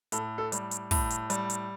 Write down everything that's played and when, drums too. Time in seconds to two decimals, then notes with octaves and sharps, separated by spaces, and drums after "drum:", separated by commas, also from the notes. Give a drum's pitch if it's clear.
0.12 A2 A4, drum: hi-hat
0.38 A4
0.52 G3, drum: hi-hat
0.71 drum: hi-hat
0.91 A2, drum: kick, open hi-hat
1.10 drum: hi-hat
1.30 G3, drum: hi-hat
1.50 drum: hi-hat